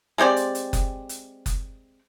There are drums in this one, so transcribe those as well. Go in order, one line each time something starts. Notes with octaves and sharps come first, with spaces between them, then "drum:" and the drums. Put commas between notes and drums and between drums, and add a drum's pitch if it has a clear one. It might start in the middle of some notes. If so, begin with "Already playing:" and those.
G#3 C4 G4 D5
drum: hi-hat
drum: hi-hat
drum: kick F#1, hi-hat
drum: hi-hat
drum: kick F#1, hi-hat